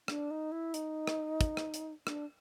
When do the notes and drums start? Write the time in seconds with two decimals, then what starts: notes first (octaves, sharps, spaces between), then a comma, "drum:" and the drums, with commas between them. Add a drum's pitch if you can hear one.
0.08 D4, drum: rim click
0.31 D#4
0.52 E4
0.74 D#4, drum: hi-hat
1.07 drum: rim click
1.41 drum: kick, hi-hat
1.57 drum: rim click
1.74 drum: hi-hat
2.07 D4, drum: rim click